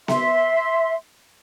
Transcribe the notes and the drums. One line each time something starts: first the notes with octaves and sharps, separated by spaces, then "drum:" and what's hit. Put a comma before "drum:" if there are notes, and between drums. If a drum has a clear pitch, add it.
E5 C6, drum: snare B3